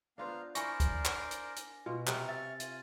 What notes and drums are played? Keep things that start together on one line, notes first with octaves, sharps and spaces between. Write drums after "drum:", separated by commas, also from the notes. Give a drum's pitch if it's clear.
B3 D4 F4 C5 F5 A#5
E4 A#4 C5 D5 G#5 C#6 A#6, drum: hi-hat
drum: kick, hi-hat
drum: clap
drum: hi-hat
drum: hi-hat
B2 F4
C3 A#4 C#6 F6, drum: clap
E5 A6
F4 G#5, drum: hi-hat